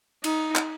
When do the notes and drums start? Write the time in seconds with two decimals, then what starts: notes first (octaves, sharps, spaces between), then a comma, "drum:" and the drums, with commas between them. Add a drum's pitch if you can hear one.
0.24 D#4, drum: cymbal
0.56 drum: clap